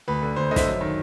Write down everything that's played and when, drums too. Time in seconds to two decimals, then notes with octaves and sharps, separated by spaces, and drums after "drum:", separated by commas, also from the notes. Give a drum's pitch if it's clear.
0.08 D2 B4
0.22 D3
0.36 D2 C5
0.51 D3 D#5
0.56 E5, drum: snare
0.66 F#2
0.81 D#3